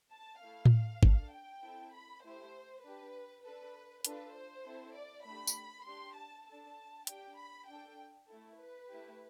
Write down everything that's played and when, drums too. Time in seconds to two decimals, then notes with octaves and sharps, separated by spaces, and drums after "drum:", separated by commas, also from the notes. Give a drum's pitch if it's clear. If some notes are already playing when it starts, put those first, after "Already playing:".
0.11 A5
0.42 A3 E4 A4 F5
0.65 drum: tom A2
1.03 D4 A4, drum: kick
1.32 G5
1.62 C4 E4 A4
1.93 B5
2.23 A3 E4 G4 C5
2.84 D4 G4 B4
3.44 D4 A4 B4
4.05 D4 F4 A4 B4, drum: hi-hat
4.35 C5
4.65 C4 E4 A4
4.96 D5
5.25 A3 D4 G4 B5
5.47 drum: tambourine
5.86 D4 G4 C6
6.17 A5
6.47 D4 A4 A5
7.07 D4 G4 G5, drum: hi-hat
7.37 B5
7.68 D4 A4 G5
8.28 A3 E4 A4
8.59 B4
8.89 A3 E4 G4